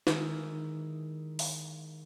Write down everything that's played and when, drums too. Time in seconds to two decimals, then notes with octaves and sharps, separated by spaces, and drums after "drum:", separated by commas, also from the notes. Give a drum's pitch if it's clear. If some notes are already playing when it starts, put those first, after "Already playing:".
0.07 D#3 G#3 E4, drum: snare
1.39 drum: open hi-hat